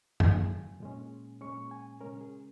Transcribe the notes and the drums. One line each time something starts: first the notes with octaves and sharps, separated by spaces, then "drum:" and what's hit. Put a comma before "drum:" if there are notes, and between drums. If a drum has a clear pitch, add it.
F#2 C#3 F#3 G#5, drum: tom F#2
A#2 G#3 C#4
A#2 G#3 C#4 C#6
G#5
C#3 G#3 C#4 A#4
G#4